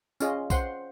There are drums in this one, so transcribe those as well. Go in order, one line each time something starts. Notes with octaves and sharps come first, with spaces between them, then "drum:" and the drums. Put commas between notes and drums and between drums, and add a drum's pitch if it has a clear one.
C#4 F4 G#4 D#5, drum: tambourine
C5 F#5 C6, drum: kick, tambourine